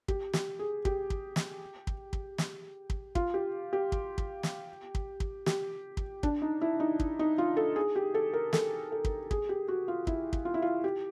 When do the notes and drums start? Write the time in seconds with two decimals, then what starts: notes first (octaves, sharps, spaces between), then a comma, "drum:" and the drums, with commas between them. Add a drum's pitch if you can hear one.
0.08 G4, drum: kick
0.33 G4, drum: snare
0.59 G#4
0.85 G4, drum: kick
1.10 drum: kick
1.36 drum: snare
1.87 drum: kick
2.13 drum: kick
2.38 drum: snare
2.90 drum: kick
3.15 F4, drum: kick
3.34 G4
3.73 G4
3.92 drum: kick
4.18 drum: kick
4.43 drum: snare
4.95 drum: kick
5.20 drum: kick
5.46 G4, drum: snare
5.97 drum: kick
6.23 D4, drum: kick
6.42 D#4
6.61 E4
6.80 D#4
7.00 drum: kick
7.19 D#4
7.38 F4
7.57 A4
7.76 G#4
7.96 G4
8.14 A4
8.33 A#4
8.53 A4, drum: snare
8.92 A4
9.05 drum: kick
9.31 G#4, drum: kick
9.49 G4
9.68 F#4
9.88 F4
10.07 E4, drum: kick
10.33 drum: kick
10.45 F4
10.54 E4
10.62 F4
10.84 G4